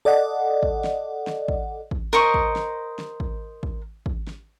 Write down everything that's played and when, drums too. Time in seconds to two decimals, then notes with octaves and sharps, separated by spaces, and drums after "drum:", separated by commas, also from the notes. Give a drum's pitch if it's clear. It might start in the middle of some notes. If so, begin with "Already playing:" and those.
0.05 A4 D5 D#5 F#5
0.63 drum: kick
0.84 drum: snare
1.27 drum: snare
1.48 drum: kick
1.91 drum: kick
2.13 A#4 C5 D#5 C#6
2.34 drum: kick
2.56 drum: snare
2.99 drum: snare
3.20 drum: kick
3.63 drum: kick
4.06 drum: kick
4.27 drum: snare